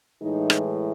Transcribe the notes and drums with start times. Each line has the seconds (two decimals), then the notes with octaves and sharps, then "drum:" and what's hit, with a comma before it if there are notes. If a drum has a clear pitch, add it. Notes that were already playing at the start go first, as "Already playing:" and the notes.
0.21 A2 E3 G#3 D#4
0.50 drum: rim click